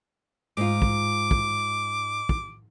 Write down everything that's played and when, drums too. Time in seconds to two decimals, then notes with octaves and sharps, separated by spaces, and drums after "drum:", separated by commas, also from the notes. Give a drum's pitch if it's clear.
0.57 G#2 F4 D6
0.82 drum: kick
1.31 drum: kick
2.29 drum: kick